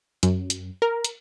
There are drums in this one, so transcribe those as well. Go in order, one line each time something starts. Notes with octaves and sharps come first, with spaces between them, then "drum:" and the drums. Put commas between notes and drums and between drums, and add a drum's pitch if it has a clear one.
F#2, drum: hi-hat
drum: hi-hat
A#4
drum: hi-hat